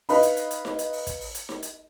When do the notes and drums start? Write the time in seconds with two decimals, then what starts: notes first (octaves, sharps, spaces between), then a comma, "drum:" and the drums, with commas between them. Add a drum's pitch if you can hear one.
0.09 D#4 B4 D#5 F5 B5, drum: open hi-hat
0.23 drum: hi-hat
0.37 drum: hi-hat
0.51 drum: hi-hat
0.65 drum: snare D#4
0.79 drum: hi-hat
0.93 drum: open hi-hat
1.07 drum: kick, hi-hat
1.21 drum: open hi-hat
1.35 drum: hi-hat
1.49 drum: snare D#4
1.63 drum: hi-hat